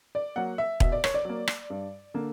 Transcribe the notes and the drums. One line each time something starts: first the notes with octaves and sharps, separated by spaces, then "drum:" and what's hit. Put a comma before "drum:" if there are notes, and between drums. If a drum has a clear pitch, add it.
D5
F#3 A#3 F#5
E5
B2 E5, drum: kick E1
D5
C#5, drum: rim click
D5
F#3 A#3
drum: rim click
G2
D3 A#3